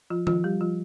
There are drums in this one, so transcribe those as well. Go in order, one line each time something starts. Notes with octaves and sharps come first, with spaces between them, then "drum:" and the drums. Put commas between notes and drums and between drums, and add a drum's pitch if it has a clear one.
F3 F4
F3 F4, drum: tom D#3
G3 G4
F3 F4